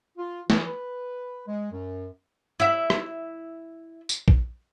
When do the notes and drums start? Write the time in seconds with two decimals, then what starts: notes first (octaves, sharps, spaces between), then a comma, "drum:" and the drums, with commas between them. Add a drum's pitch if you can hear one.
0.18 F4
0.50 E3, drum: snare
0.66 B4
1.47 G#3
1.72 F#2
2.60 E4 E5
2.90 drum: rim click
4.09 drum: tambourine
4.28 drum: kick A#1